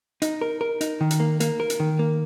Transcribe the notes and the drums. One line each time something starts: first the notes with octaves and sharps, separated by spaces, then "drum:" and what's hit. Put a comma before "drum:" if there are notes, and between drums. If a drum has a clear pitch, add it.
D#4, drum: hi-hat
A#4
A#4
D#4, drum: hi-hat
D#3
drum: hi-hat
A#3
A#3, drum: hi-hat
A#4
drum: hi-hat
D#3
A#3